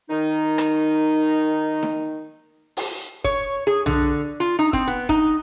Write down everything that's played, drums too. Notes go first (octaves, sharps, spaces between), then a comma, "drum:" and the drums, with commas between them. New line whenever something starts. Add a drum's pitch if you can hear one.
D#3 D#4
drum: rim click
drum: snare D#4
drum: open hi-hat
C#5, drum: kick
G#4
D3, drum: tom B1
F4
D#4
C4, drum: kick
B3
D#4, drum: kick